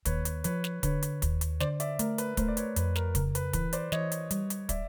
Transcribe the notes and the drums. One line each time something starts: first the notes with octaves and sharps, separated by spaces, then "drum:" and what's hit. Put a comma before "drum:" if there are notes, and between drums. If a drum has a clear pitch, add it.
D#2 B4 C#5, drum: kick, hi-hat
drum: hi-hat
F3 B4 C#5, drum: hi-hat
drum: snare
D3 B4 C#5, drum: kick, hi-hat
drum: hi-hat
D#2, drum: kick, hi-hat
drum: hi-hat
D3 C5 D5, drum: snare
D5 E5, drum: hi-hat
A3 A#4, drum: hi-hat
B4, drum: hi-hat
A3 A#4 C5, drum: kick, hi-hat
D5
B4 C#5, drum: hi-hat
F2 B4, drum: hi-hat
A#4, drum: snare
C#3 A#4, drum: kick, hi-hat
B4, drum: hi-hat
E3 B4, drum: kick, hi-hat
C5 D5, drum: hi-hat
E3 C#5 D#5, drum: snare
drum: hi-hat
G3, drum: hi-hat
drum: hi-hat
D5 E5, drum: kick, hi-hat